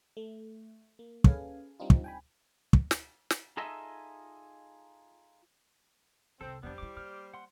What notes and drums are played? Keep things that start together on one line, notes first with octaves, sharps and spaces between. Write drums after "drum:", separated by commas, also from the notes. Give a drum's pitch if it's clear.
A3
A#3
C#4 G#4 A4 B4 F5 G#5, drum: kick
G3 C4 D4 D#4 F4
drum: kick
G5 G#5 B5
drum: kick
drum: snare
drum: snare
D#4 F4 G#4 A4 D#5 E5
C2 F2 C4 A4
F2 D3 G3 B3 D4 C5
C#4 E4 D6
A#3 D6 F6
F#5 C6